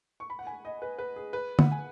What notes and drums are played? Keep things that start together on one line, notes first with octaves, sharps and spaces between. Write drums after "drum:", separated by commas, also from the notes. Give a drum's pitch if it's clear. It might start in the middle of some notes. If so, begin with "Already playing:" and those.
C#6
B5
F#5
G#5
D#5
B4
B4
G#4
B4
F#5, drum: tom
G#5